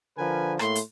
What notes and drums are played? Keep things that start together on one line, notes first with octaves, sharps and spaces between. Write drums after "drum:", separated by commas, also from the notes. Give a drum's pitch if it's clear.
D3 F3 A#4 B4 G#5
A2 A3 A#3 C6, drum: rim click
drum: hi-hat